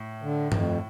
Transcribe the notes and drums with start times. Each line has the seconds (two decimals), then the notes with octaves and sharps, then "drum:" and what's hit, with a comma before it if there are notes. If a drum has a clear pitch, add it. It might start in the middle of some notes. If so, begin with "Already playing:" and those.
Already playing: A2
0.22 D3
0.52 F2, drum: tom G2